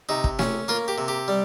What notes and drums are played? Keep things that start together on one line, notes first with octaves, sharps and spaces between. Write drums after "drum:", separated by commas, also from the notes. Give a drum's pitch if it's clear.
C3 D#4
drum: kick
C#4, drum: snare
A#3 F4
G4
C3
G4
G3